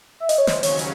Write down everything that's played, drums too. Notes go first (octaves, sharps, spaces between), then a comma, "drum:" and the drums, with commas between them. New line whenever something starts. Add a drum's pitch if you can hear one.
E5
D#5, drum: hi-hat
C#5
D#2 C#3 F#3 C#4 C5, drum: snare
C#5, drum: open hi-hat
drum: hi-hat